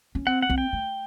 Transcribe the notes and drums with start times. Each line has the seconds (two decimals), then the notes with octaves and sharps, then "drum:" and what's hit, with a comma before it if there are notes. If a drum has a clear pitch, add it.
0.15 C#4
0.27 C4 F#5
0.42 F#5
0.50 C4, drum: kick
0.58 G5
0.73 A3